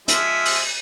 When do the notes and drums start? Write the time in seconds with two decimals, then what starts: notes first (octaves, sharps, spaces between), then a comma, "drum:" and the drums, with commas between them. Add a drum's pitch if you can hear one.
0.08 F3 G#3 E5, drum: hi-hat
0.45 drum: open hi-hat